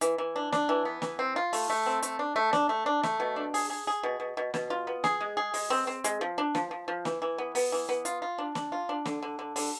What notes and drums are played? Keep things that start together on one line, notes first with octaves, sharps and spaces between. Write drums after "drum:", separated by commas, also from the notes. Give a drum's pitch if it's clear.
E3, drum: hi-hat
E3
D4
D4, drum: snare
E3
B3
E3, drum: snare
C4
F4
A3, drum: open hi-hat
A3
C4
A3, drum: hi-hat
D4
A3
D4, drum: snare
A3
D4
A3, drum: snare
B2
D4
G#4, drum: open hi-hat
G#4
G#4
B2
B2
B2
B2, drum: snare
F4
B3
G#4, drum: snare
G#3
G#4
G#3, drum: open hi-hat
C4
C4
G#3, drum: hi-hat
F3
D4
F3, drum: snare
F3
F3
E3, drum: snare
E3
B3
B3, drum: open hi-hat
E3
B3
F4, drum: hi-hat
F4
D4
D4, drum: snare
F4
D4
D3, drum: snare
D3
D3
D3, drum: open hi-hat